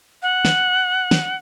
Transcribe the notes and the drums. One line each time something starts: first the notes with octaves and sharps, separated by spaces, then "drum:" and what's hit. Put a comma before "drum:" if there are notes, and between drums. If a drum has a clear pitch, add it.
F#5
drum: snare
drum: snare